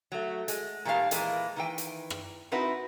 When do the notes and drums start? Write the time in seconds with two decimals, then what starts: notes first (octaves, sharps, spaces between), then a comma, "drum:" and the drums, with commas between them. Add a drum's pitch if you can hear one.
0.12 F#3 A3
0.48 G#3, drum: hi-hat
0.85 A#2 D#3 G3 B3 F5 A5
1.11 A#2 E3 G#3 A#3, drum: hi-hat
1.56 D#3 E3 G5
1.78 drum: hi-hat
2.10 drum: rim click
2.52 C4 D#4 E4 F#4 B4